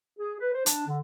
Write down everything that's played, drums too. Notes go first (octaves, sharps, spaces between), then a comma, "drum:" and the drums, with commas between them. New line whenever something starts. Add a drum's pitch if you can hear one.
G#4
B4
C5
D4, drum: hi-hat
D3